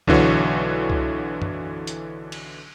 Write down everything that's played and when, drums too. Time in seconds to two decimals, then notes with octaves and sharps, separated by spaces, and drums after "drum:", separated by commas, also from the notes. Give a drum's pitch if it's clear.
0.07 B1 D3 E3 F#4 C#5, drum: kick C2
0.90 drum: kick C2
1.42 drum: tom F#2
1.87 drum: hi-hat
2.32 drum: cymbal